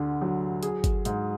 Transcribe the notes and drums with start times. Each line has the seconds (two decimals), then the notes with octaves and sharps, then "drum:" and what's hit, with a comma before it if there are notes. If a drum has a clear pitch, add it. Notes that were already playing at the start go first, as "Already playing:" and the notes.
Already playing: D2 D3
0.21 F#3
0.63 G#4, drum: hi-hat
0.84 drum: kick G1, hi-hat
1.05 G#2, drum: hi-hat